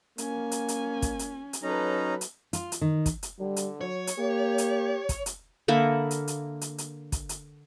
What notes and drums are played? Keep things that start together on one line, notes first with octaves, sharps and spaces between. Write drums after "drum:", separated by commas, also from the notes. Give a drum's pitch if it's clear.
A#3 C#4 G#5, drum: hi-hat
drum: hi-hat
drum: hi-hat
drum: kick, hi-hat
drum: hi-hat
drum: hi-hat
F#3 C#4 D#4 A4 B4 A#5
drum: hi-hat
F4, drum: hi-hat
drum: hi-hat
D#3
drum: kick, hi-hat
drum: hi-hat
D3 G3
drum: hi-hat
F#3 C#5
drum: hi-hat
A#3 G4
drum: hi-hat
drum: kick, hi-hat
drum: hi-hat
D3 A#3 E5 B5
drum: hi-hat
drum: hi-hat
drum: hi-hat
drum: hi-hat
drum: kick, hi-hat
drum: hi-hat